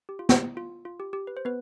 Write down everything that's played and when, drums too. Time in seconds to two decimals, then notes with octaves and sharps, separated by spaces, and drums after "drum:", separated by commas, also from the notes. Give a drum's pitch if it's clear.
0.09 G4
0.19 F4
0.29 E4, drum: snare
0.57 F4
0.85 F4
1.00 G4
1.13 G4
1.27 B4
1.37 C5
1.45 B3 B4